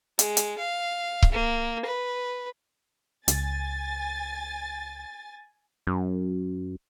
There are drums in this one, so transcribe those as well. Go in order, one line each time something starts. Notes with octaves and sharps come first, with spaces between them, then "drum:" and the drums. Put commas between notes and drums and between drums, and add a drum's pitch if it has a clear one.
G#3, drum: hi-hat
drum: hi-hat
F5
drum: kick C#1
A#3
B4
C#2 G#5 A6, drum: hi-hat
F#2